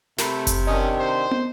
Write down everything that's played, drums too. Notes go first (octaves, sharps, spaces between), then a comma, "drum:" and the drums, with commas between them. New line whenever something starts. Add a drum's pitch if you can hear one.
C3 A3 A#4 A#5 B5, drum: snare
drum: kick F#1, hi-hat
D#3 C#4 D4 D#5 A#5 D#6
C5
drum: tom